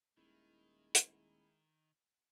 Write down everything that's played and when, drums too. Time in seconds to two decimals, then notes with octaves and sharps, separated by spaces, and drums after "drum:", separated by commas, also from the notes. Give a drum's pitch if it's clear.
0.17 D#1 D#3 G#3 E4
0.95 drum: hi-hat